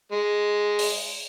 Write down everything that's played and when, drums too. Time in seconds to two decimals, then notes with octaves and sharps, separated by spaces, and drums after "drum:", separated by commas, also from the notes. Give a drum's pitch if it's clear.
0.12 G#3
0.79 drum: open hi-hat